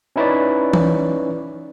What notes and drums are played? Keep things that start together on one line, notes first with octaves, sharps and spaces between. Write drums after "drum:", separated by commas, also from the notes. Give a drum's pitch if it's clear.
C#4 D#4 E4 B4 C#5 D5
drum: tom E3